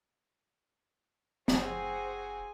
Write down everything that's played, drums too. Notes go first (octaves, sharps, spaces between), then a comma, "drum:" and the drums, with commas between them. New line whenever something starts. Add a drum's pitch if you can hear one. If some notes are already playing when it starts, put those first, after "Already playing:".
F#1 C4 F#4 G#4 C5 G#5, drum: snare